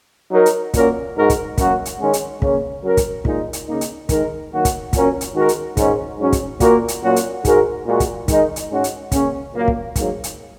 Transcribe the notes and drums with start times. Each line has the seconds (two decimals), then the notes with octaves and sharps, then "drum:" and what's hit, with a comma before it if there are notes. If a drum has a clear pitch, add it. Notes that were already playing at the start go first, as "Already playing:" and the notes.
0.32 F#3 D#4 A#4
0.46 drum: hi-hat
0.74 A#2 A#3 C#4 F#4 A#4, drum: kick, hi-hat
1.15 G#2 G#3 D#4 F#4 A#4
1.30 drum: kick, hi-hat
1.58 F#2 F#3 A#3 F#4, drum: kick, hi-hat
1.85 drum: hi-hat
1.99 D#3 G#3 C#4
2.13 drum: hi-hat
2.42 C#3 A#3 C#4, drum: kick
2.83 F#3 C#4 A#4
2.97 drum: kick, hi-hat
3.25 A#2 G#3 D#4, drum: kick
3.53 drum: hi-hat
3.67 C#3 A#3 D#4
3.81 drum: hi-hat
4.09 D#3 G#3 D#4 A#4, drum: kick, hi-hat
4.51 D#3 F#3 A#3 F#4
4.65 drum: kick, hi-hat
4.93 A#2 F#3 C#4 A#4, drum: kick, hi-hat
5.21 drum: hi-hat
5.35 D#3 G#3 F#4 A#4
5.49 drum: hi-hat
5.77 G#2 D#3 G#3 C#4, drum: kick, hi-hat
6.18 G#2 F#3 C#4
6.32 drum: kick, hi-hat
6.60 A#2 A#3 F#4 A#4, drum: kick, hi-hat
6.88 drum: hi-hat
7.02 A#2 F#3 A#3 C#4 F#4
7.16 drum: hi-hat
7.45 G#2 G#3 F#4 A#4, drum: kick, hi-hat
7.86 A#2 G#3 F#4
8.00 drum: kick, hi-hat
8.28 D#3 G#3 D#4 A#4, drum: kick, hi-hat
8.56 drum: hi-hat
8.70 G#2 G#3 C#4 F#4
8.84 drum: hi-hat
9.12 C#3 A#3 C#4, drum: kick, hi-hat
9.54 A#2 F#3 A#3
9.68 drum: kick
9.96 G#2 F#3 A#3, drum: kick, hi-hat
10.24 drum: hi-hat